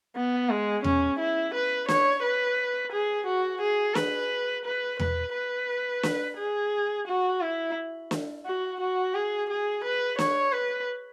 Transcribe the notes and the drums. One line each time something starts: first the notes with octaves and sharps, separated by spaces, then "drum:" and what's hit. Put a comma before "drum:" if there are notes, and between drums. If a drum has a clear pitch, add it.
B3
G#3
C#4, drum: tom E2
E4
B4
C#5, drum: snare
B4
G#4
F#4
G#4
B4, drum: snare
B4
B4, drum: tom E2
B4
drum: snare
G#4
F#4
E4
drum: snare
F#4
F#4
G#4
G#4
B4
C#5, drum: snare
B4